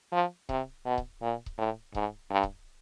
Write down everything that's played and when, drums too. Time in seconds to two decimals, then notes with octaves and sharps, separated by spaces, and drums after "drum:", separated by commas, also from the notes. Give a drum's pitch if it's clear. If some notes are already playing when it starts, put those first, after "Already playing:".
0.12 F3
0.49 C3, drum: kick C#1
0.86 B2
0.98 drum: kick C#1
1.22 A#2
1.46 drum: kick C#1
1.58 A2
1.95 G#2, drum: kick C#1
2.31 G2
2.43 drum: kick C#1